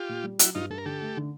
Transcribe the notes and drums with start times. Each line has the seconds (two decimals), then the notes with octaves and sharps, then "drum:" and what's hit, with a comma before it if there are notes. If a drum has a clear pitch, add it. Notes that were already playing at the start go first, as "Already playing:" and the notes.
Already playing: F4 G4
0.09 A#2
0.24 G3
0.39 F#3 E4 F#4, drum: hi-hat
0.55 G2 D#4 F4
0.70 G2 A4
0.78 A#4
0.86 D3 G4 A4
1.01 A3
1.17 D3